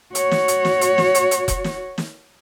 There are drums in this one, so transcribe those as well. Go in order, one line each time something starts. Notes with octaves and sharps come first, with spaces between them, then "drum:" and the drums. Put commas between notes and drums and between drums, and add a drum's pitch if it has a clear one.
F#4 C#5, drum: hi-hat
drum: snare
drum: hi-hat
drum: snare
drum: hi-hat
drum: snare
drum: hi-hat
drum: hi-hat
drum: kick F1, hi-hat
drum: snare
drum: snare